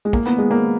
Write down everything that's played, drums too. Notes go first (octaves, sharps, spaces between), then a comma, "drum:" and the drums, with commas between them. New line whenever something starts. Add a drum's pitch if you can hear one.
G#3
A#3, drum: kick
B3
G#3
A#3